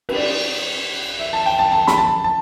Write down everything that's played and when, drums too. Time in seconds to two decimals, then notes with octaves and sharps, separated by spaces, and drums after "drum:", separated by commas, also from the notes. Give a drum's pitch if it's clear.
0.09 B4, drum: cymbal
0.16 D5
1.20 E5
1.33 A5
1.46 G5
1.59 A5
1.72 A5
1.88 B5, drum: snare
1.98 A5
2.24 A5